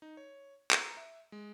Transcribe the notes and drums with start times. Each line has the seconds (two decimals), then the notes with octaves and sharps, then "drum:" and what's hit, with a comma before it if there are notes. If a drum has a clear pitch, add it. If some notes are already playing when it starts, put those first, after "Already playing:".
0.02 D#4
0.17 C#5
0.71 A#5, drum: clap
0.97 E5
1.32 G#3